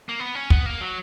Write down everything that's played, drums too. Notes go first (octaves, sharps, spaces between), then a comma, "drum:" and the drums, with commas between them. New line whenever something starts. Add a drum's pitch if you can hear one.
A#3
B3
C#4
B3, drum: kick
A#3
F#3